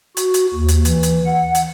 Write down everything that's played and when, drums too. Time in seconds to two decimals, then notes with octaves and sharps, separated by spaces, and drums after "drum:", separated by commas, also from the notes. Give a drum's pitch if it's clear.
0.17 F#4, drum: hi-hat
0.34 drum: hi-hat
0.54 D#2
0.68 drum: hi-hat
0.85 E3, drum: hi-hat
1.03 drum: hi-hat
1.26 F#5
1.55 drum: hi-hat